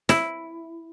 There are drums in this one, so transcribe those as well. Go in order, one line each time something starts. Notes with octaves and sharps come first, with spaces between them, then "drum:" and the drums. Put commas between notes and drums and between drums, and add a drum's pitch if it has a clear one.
E4, drum: snare